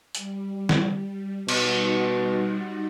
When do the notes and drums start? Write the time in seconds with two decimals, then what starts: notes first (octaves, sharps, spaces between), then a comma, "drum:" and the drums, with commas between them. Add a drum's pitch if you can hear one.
0.15 G3, drum: hi-hat
0.69 drum: snare
1.49 B2 G3 D#4 F#4, drum: cymbal